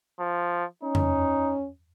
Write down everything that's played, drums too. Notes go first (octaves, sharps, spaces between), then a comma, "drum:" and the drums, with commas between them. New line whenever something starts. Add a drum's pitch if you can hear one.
F3
C#4 D#4
drum: tom E2